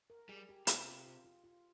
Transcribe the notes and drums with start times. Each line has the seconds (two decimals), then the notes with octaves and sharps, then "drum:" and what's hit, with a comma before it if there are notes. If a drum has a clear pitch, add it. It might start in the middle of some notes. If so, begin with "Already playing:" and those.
0.10 A#4
0.29 G3 G#4
0.49 G4
0.67 C3 F4, drum: hi-hat
0.86 F4
1.06 F4
1.25 F4
1.44 F4